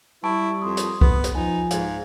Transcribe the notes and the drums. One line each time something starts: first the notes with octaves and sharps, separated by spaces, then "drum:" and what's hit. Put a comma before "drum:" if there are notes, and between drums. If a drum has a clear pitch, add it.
G3 E4 A5 C#6 D7
F2 C6 D#6
drum: hi-hat
B3, drum: kick C2
drum: hi-hat
F3 D#4 G#5
G#2 F5, drum: hi-hat